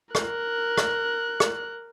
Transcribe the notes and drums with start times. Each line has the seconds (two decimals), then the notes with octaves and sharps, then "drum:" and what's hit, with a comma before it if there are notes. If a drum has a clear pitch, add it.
0.15 A#4 F#6, drum: rim click
0.78 drum: rim click
1.40 drum: rim click